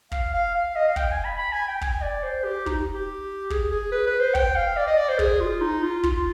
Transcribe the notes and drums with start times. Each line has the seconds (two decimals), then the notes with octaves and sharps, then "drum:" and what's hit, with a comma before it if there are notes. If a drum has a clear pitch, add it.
0.12 F5, drum: kick
0.34 F5
0.55 F5
0.76 D#5
0.88 F5
0.96 G5, drum: kick
1.11 G#5
1.25 B5
1.38 B5
1.53 G#5
1.68 G5
1.81 G#5, drum: kick
2.02 D5
2.23 C5
2.44 G4
2.66 D#4, drum: kick
2.94 G4
3.50 G#4, drum: kick
3.71 G#4
3.92 B4
4.06 B4
4.20 C5
4.35 G5, drum: kick
4.56 F5
4.77 D5
4.87 D#5
4.97 D5
5.09 C5
5.19 G#4, drum: kick
5.40 F4
5.61 D#4
5.83 F4
6.03 F4, drum: kick